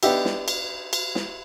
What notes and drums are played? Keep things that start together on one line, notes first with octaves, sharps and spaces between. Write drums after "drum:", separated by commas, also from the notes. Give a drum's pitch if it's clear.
B3 D4 D#4 G4 E5, drum: cymbal
drum: snare
drum: cymbal
drum: cymbal
drum: snare